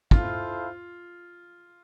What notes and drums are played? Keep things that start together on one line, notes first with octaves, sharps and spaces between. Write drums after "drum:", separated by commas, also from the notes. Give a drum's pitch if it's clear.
E4 F4 A4 C5 F5, drum: kick